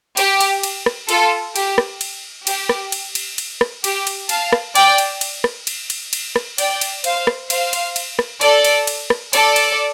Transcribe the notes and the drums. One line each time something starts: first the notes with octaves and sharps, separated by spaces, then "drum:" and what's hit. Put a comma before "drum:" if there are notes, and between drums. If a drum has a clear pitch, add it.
G4, drum: cymbal
drum: cymbal
drum: cymbal
drum: rim click
F4 A4, drum: cymbal
G4, drum: cymbal
drum: rim click
drum: cymbal
G4, drum: cymbal
drum: rim click
drum: cymbal
drum: cymbal
drum: cymbal
drum: rim click
G4, drum: cymbal
drum: cymbal
F5 A5, drum: cymbal
drum: rim click
D5 G5, drum: cymbal
drum: cymbal
drum: cymbal
drum: rim click
drum: cymbal
drum: cymbal
drum: cymbal
drum: rim click
D5 G5, drum: cymbal
drum: cymbal
C5 F5, drum: cymbal
drum: rim click
C5 F5, drum: cymbal
drum: cymbal
drum: cymbal
drum: rim click
A4 D5, drum: cymbal
drum: cymbal
drum: cymbal
drum: rim click
A4 D5, drum: cymbal
drum: cymbal